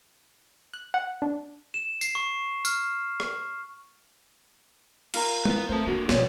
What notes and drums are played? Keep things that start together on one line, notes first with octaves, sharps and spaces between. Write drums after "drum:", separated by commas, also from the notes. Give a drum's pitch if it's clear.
F#6
F#5
D4
E7
C7, drum: tambourine
C#6
F6, drum: tambourine
drum: rim click
F4 A#4 A#5, drum: cymbal
B3 B4, drum: tom
A3 C4 C5 A5
D3 A#3 E4 F#4
B2 F3 G3 E4 C#5, drum: snare